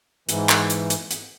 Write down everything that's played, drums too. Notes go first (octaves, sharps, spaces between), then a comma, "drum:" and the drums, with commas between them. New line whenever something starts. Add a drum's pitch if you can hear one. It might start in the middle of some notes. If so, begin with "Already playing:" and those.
G#2 E3, drum: hi-hat
drum: clap
drum: hi-hat
drum: hi-hat
drum: hi-hat